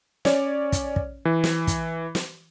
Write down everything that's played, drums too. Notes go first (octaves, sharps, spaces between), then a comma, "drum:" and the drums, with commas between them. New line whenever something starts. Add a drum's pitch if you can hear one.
C#4 C#5 D5, drum: snare
drum: kick, hi-hat
drum: kick
E3
drum: snare
drum: kick, hi-hat
drum: snare